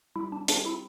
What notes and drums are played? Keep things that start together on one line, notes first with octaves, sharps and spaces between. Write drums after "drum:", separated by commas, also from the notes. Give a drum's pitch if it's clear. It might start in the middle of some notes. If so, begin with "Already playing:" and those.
G3 E4
D4
C4 D4 G4, drum: hi-hat
E4